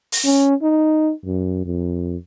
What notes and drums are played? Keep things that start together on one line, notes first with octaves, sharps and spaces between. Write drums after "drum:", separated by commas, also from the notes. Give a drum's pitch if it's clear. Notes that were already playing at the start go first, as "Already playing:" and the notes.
drum: open hi-hat
C#4
D#4
F#2
F2